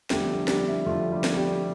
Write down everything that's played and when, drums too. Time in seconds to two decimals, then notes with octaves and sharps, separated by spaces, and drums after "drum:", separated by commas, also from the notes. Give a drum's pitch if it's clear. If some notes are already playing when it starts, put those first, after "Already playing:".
0.10 F2 D3 G3 A3 G4, drum: snare
0.48 G3 G4, drum: snare
0.68 E4
0.86 F2 D3 A3 F4
1.12 G3 G4
1.24 drum: snare
1.37 G3 G4